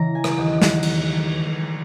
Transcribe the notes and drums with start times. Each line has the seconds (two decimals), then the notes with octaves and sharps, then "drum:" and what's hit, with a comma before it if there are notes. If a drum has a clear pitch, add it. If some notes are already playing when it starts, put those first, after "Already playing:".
Already playing: C#3 E3 A#5
0.15 G#5
0.24 drum: rim click
0.38 D#2 F#5
0.62 F#5, drum: snare
0.83 drum: cymbal